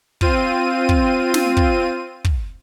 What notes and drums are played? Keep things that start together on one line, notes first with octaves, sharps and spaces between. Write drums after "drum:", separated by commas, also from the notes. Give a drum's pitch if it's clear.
C4 F4 D#7, drum: kick
drum: kick
drum: snare
drum: kick
drum: kick